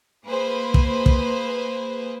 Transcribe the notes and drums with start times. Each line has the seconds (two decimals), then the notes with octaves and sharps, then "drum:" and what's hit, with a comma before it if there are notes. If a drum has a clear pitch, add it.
0.25 A#3 G#4 B4 C5
0.74 drum: kick
1.06 drum: kick